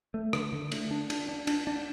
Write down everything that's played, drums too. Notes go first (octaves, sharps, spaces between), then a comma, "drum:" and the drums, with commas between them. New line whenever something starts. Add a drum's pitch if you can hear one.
A3
D3, drum: rim click
D3
A3, drum: cymbal
D4
D4, drum: cymbal
D4
D4, drum: cymbal
D4